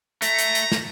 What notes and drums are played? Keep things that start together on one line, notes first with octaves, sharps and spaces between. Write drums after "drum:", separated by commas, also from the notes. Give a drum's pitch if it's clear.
A3 A#5, drum: hi-hat
drum: hi-hat
drum: hi-hat
drum: snare